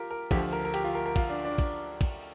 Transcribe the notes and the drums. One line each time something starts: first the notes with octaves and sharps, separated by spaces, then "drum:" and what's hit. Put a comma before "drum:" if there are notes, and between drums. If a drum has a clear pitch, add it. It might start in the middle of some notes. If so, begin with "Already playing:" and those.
Already playing: F4 G4 A#4
A#4
D2 D3 F3 G4, drum: kick, cymbal
A#4
A#4
G4, drum: cymbal
F4
A#4
A#4
F4, drum: kick, cymbal
D4
D4
drum: kick, cymbal
drum: kick, cymbal